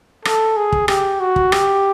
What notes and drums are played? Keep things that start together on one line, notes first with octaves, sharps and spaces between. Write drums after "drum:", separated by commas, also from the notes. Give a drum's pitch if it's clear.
A4, drum: rim click
G#4
drum: kick
G4, drum: rim click
F#4
drum: kick
G4, drum: rim click